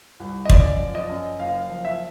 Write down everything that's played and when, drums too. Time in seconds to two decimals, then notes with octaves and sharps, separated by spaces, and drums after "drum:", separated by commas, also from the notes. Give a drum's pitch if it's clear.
0.20 C2
0.45 D#5
0.49 F#2 D5, drum: kick
0.80 F3
0.95 D#5
1.09 F#2
1.40 F#1 F5
1.69 F3
1.85 E5